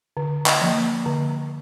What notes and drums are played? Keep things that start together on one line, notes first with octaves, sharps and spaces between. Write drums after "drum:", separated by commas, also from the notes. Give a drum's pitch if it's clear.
D3
drum: clap
F3 A#3
D3